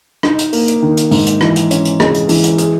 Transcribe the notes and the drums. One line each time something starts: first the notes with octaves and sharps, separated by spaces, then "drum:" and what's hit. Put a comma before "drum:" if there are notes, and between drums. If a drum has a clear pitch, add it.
D#4, drum: rim click
drum: hi-hat
A#3, drum: open hi-hat
drum: hi-hat
D#3
drum: hi-hat
G#2, drum: open hi-hat
drum: hi-hat
E3, drum: rim click
drum: hi-hat
C#4, drum: hi-hat
drum: hi-hat
G#3, drum: rim click
drum: hi-hat
E3, drum: open hi-hat
drum: hi-hat
G#4, drum: hi-hat